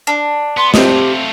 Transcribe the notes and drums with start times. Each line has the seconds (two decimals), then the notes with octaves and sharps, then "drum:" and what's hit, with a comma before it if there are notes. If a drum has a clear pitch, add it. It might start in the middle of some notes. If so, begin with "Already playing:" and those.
0.07 D4
0.57 B3 C6
0.74 A3 C4 F4 G4 D#5, drum: snare